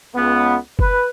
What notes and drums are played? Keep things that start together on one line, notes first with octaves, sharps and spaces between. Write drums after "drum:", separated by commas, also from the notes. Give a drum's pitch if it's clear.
C#2 B3
B4, drum: kick F#1